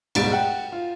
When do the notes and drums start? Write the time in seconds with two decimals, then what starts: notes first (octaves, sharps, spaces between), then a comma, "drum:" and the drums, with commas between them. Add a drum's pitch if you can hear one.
0.15 D1 G#2 B2 G3 A6 D7, drum: cymbal
0.32 F#5 G5
0.72 F4